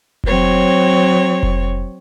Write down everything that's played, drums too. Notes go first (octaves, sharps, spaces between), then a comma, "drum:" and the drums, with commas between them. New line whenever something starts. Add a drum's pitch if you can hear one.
F#3 C4 C#5, drum: kick F1
drum: kick F1